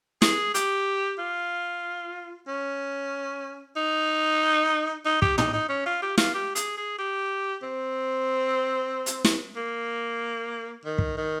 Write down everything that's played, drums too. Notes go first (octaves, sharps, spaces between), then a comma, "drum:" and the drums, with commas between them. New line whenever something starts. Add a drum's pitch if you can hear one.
G#4, drum: snare
G4, drum: hi-hat
F4
C#4
D#4
D#4
G4, drum: kick
D#4, drum: tom
D#4
C#4
F4
G4
F4, drum: snare
G4
G#4, drum: hi-hat
G#4
G4
C4
drum: hi-hat
drum: snare
A#3
D#3
drum: kick
D#3